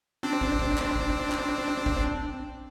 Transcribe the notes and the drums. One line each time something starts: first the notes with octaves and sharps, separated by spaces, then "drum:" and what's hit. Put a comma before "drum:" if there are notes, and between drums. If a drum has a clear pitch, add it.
C4 D4
drum: kick
drum: kick
drum: clap
drum: kick
drum: clap
drum: kick